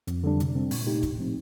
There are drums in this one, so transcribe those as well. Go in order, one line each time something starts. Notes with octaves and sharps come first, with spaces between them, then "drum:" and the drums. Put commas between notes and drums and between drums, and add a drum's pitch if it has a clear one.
F2, drum: hi-hat
D3 G3 D4
C3, drum: hi-hat
G3 C4
A#2, drum: open hi-hat
A3 D#4 G4
A2, drum: kick, hi-hat
F3 A3 C4 D#4